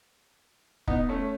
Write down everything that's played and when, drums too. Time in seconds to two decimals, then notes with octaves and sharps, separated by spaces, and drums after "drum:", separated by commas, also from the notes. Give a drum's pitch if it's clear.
0.87 B3 D#4, drum: kick
1.09 A3 C#4